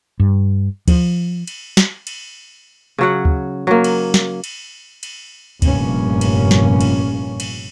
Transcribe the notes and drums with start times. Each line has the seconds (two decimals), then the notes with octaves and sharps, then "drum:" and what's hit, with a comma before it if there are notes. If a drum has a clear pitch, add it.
0.20 G2
0.88 F3, drum: kick D2, cymbal
1.47 drum: cymbal
1.77 drum: snare
2.07 drum: cymbal
2.98 C#3 F#3 F#5
3.25 drum: kick D2
3.67 F#3 A#3
3.84 drum: cymbal
4.14 drum: snare
4.44 drum: cymbal
5.03 drum: cymbal
5.62 F1 G2 A#2 A#3 C#4, drum: kick D2, cymbal
6.21 drum: cymbal
6.51 drum: snare
6.81 drum: cymbal
7.40 drum: cymbal